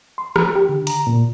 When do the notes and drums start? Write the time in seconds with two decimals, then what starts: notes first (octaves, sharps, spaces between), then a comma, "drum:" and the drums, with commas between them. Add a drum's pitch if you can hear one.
0.18 C6
0.36 F3, drum: rim click
0.56 G4
0.69 D3
0.87 A#5, drum: hi-hat
1.07 A#2